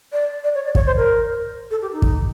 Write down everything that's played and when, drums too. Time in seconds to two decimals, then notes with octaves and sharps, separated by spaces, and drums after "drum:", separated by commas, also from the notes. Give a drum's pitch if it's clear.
0.12 D5
0.44 D5
0.55 C#5
0.65 D5
0.75 C#5, drum: kick
0.86 C5
0.97 A#4
1.70 A4
1.82 G4
1.92 D#4
2.02 drum: kick